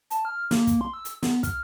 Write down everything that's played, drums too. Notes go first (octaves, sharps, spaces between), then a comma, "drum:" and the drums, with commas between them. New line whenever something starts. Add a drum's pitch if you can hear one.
A5, drum: hi-hat
F6
A#3, drum: snare
drum: kick, hi-hat
C6
E6
drum: hi-hat
B3, drum: snare
F6, drum: kick, hi-hat